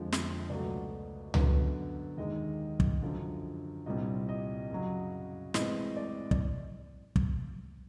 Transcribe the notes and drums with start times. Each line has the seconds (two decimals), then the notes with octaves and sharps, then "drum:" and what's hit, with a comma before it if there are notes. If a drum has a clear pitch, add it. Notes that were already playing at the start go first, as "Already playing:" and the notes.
Already playing: F2 D3 F3 G#3
0.12 drum: snare
0.50 C#2 B2 F#3 A3 D5
1.34 F#2 D3 F#3 B3, drum: tom C#2
2.17 D#2 D#3 G#3 D#5
2.80 drum: kick
3.02 F#2 D3 F3
3.86 C2 A#2 G3 C4 D#5
4.29 D#5
4.71 F#2 C#3 F#3
5.54 A2 E3 G#3 C4 D#5, drum: snare
5.97 D5
6.31 D5, drum: kick
7.16 drum: kick